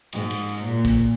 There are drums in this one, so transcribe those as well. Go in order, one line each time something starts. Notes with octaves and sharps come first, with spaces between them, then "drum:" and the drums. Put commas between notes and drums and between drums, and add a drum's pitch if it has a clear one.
G#2, drum: cymbal
drum: cymbal
drum: cymbal
A#2
drum: kick, cymbal